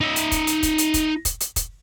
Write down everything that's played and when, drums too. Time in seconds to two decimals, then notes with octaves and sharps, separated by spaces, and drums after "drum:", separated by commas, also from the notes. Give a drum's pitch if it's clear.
0.01 D#4 E5
0.16 drum: hi-hat
0.32 drum: kick, hi-hat
0.47 drum: hi-hat
0.63 drum: kick, hi-hat
0.78 drum: hi-hat
0.94 drum: kick, hi-hat
1.25 drum: kick, hi-hat
1.41 drum: hi-hat
1.56 drum: kick, hi-hat